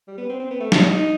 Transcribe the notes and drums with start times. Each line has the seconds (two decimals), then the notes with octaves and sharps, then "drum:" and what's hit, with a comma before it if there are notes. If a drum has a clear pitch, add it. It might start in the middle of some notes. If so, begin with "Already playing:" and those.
0.08 G3
0.18 B3
0.29 C4
0.40 C4
0.51 B3
0.60 A3
0.72 D#4, drum: snare
0.83 D#4
0.93 D#4